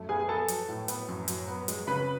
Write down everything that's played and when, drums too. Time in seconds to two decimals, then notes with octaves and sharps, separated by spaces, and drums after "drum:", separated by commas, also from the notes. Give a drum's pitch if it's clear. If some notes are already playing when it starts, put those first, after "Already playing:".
Already playing: F#2 A3
0.09 B3 G#4 G#5
0.29 B3 A4 A5
0.48 F#3, drum: hi-hat
0.68 A2
0.88 B3, drum: hi-hat
1.08 F#2
1.28 F#3, drum: hi-hat
1.48 B3
1.68 G#3, drum: hi-hat
1.87 C#3 B4 B5